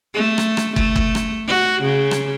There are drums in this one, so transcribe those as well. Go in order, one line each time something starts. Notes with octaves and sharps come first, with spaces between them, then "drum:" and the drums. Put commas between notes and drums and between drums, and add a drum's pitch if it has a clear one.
A3
drum: rim click
drum: rim click
A3, drum: kick
drum: kick
drum: rim click
F#4
C#3
drum: rim click